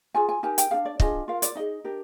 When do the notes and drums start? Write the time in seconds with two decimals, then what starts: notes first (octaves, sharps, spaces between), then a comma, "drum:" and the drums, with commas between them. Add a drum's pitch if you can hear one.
0.14 F4 G#4 G#5
0.29 G#5
0.43 D#4 G4 A#4 G#5
0.58 G5, drum: hi-hat
0.71 D4 G#4 F5
0.85 D5
1.00 D4 F4 G#4 D#5, drum: kick
1.28 F4 A#4 F5
1.42 D5, drum: hi-hat
1.55 D#4 G#4 D#5
1.84 D4 G4 A#4